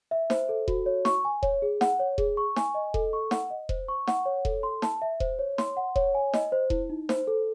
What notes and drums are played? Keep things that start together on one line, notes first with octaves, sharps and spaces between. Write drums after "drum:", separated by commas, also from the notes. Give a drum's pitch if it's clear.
E5
C5, drum: snare
A4
F#4, drum: kick E1
C#5
C#6, drum: snare
G#5
C#5, drum: kick E1
G#4
F#5, drum: snare
C#5
G#4, drum: kick E1
C#6
G#5, drum: snare
D#5
A4, drum: kick E1
C#6
F#5, drum: snare
D#5
C5, drum: kick E1
C#6
F#5, drum: snare
C#5
A4, drum: kick E1
C6
A5, drum: snare
E5
C5, drum: kick E1
C#5
C6, drum: snare
F#5
C#5, drum: kick E1
G#5
D#5, drum: snare
C5
E4, drum: kick E1
D#4
C5, drum: snare
A4